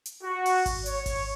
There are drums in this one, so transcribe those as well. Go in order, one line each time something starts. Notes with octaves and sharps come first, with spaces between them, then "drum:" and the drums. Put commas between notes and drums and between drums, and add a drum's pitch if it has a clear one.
drum: hi-hat
F#4
drum: open hi-hat
drum: kick G#1, open hi-hat
C#5, drum: hi-hat
drum: kick G#1, open hi-hat